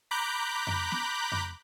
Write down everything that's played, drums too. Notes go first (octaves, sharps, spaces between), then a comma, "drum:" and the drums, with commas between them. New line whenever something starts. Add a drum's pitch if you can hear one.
A#5 B5 D6 F#6 G6
drum: tom F2
drum: snare
drum: tom F2